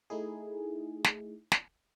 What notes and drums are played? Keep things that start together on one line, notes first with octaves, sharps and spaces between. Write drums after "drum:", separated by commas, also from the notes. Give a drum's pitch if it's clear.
A3 D#4 E4 G#4
drum: snare
drum: snare